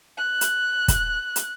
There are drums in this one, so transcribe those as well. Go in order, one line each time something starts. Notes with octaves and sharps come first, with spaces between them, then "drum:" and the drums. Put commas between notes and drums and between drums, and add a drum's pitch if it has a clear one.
F#6
drum: hi-hat
drum: kick, hi-hat
drum: hi-hat